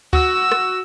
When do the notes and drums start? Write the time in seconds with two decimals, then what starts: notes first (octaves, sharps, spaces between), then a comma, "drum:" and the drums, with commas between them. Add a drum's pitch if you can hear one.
0.13 F#4 E6, drum: kick D2
0.52 drum: rim click